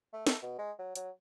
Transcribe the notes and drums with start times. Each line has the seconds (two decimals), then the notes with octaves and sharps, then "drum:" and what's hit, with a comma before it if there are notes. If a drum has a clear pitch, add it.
0.13 A3
0.27 A4, drum: snare
0.42 B2
0.58 G#3
0.79 F#3
0.96 F#3, drum: hi-hat